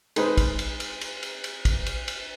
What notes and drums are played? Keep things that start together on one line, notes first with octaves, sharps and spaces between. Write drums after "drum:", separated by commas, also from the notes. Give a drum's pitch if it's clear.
G#3 D#4 B4 C5, drum: cymbal
drum: kick, cymbal
drum: cymbal
drum: cymbal
drum: cymbal
drum: cymbal
drum: cymbal
drum: kick, cymbal
drum: cymbal
drum: cymbal